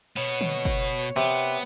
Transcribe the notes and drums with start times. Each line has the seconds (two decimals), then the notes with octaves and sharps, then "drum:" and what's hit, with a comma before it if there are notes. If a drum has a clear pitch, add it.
0.16 B2 B3 C#5, drum: tambourine
0.41 drum: tom D3
0.65 drum: kick, tambourine
0.90 drum: tambourine
1.16 C3 B3, drum: tambourine
1.39 drum: tambourine